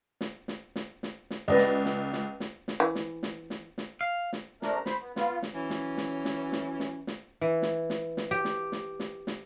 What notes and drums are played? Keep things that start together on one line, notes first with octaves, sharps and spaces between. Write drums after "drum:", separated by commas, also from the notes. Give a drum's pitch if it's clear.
drum: snare
drum: snare
drum: snare
drum: snare
drum: snare
C#2 B4 D5 D#5
drum: snare
drum: snare
drum: snare
drum: snare
drum: snare
E3
drum: snare
drum: snare
drum: snare
drum: snare
F5
drum: snare
C3 A3 D4 A#4, drum: snare
C5 B5, drum: snare
B3
B3 F4, drum: snare
drum: snare
E3 F#3 C#4
drum: snare
drum: snare
drum: snare
drum: snare
drum: snare
drum: snare
E3
drum: snare
drum: snare
drum: snare
G4
drum: snare
drum: snare
drum: snare
drum: snare